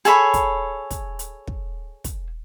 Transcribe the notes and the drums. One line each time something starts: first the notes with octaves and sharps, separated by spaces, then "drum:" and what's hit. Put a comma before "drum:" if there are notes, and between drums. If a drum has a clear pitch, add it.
G#4 A4 C#5 B5, drum: hi-hat
drum: kick, hi-hat
drum: kick, hi-hat
drum: hi-hat
drum: kick
drum: kick, hi-hat